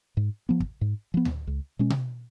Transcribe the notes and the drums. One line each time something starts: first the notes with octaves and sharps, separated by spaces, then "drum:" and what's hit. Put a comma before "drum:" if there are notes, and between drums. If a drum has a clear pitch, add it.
G#2
F3 B3
drum: kick
G#2
F3 B3
drum: tom D2
C#2
B2 G#3 C#4
drum: tom B2